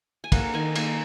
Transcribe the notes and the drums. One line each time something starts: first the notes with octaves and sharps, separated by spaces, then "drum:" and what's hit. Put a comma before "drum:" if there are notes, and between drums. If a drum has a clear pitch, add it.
G#5
A#3 F#5, drum: kick, cymbal
D#3 G#5
A#3 G#5, drum: cymbal